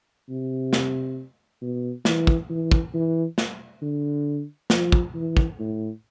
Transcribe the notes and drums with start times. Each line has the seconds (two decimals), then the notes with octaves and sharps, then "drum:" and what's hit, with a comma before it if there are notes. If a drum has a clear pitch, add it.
0.29 C3
0.73 drum: snare
1.62 B2
2.05 E3, drum: snare
2.27 drum: kick
2.50 E3
2.71 drum: kick
2.94 E3
3.38 drum: snare
3.82 D3
4.70 F3, drum: snare
4.92 drum: kick
5.14 E3
5.37 drum: kick
5.59 A2